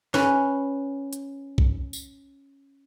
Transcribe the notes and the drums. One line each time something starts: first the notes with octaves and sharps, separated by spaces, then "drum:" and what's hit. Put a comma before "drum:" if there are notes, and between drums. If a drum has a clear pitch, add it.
C#4 B4, drum: snare
drum: hi-hat
drum: kick
drum: tambourine